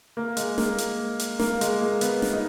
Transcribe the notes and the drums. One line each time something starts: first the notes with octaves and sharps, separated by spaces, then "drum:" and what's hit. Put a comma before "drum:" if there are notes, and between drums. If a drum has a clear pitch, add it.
A#3
G#3, drum: hi-hat
A#3, drum: snare
drum: hi-hat
drum: hi-hat
A#3, drum: snare
G#3, drum: hi-hat
A#3
B3, drum: hi-hat
drum: snare
D#4